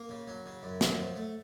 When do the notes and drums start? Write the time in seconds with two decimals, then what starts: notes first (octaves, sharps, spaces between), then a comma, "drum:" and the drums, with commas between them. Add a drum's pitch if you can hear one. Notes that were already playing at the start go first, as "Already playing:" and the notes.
Already playing: A#3
0.09 C#3
0.27 F#3
0.46 C#3
0.63 F#2
0.81 F#3, drum: snare
0.99 F3
1.16 A3